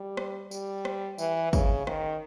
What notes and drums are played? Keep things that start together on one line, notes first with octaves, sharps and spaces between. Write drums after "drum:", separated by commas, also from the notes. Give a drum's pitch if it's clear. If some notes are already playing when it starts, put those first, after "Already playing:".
Already playing: G3
drum: rim click
G3, drum: tambourine
drum: rim click
E3, drum: tambourine
C#3, drum: kick, tambourine
D#3, drum: rim click